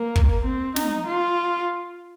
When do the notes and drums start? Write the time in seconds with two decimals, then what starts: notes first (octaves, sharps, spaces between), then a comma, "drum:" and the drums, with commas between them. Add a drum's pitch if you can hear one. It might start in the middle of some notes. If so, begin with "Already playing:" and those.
Already playing: A#3
0.16 drum: kick
0.45 C4
0.76 D#4, drum: snare
1.07 F4